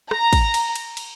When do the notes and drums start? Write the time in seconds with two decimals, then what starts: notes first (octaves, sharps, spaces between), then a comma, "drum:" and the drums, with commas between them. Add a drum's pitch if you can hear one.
0.11 A#5, drum: rim click
0.33 drum: kick, cymbal
0.54 drum: cymbal
0.75 drum: cymbal
0.97 drum: cymbal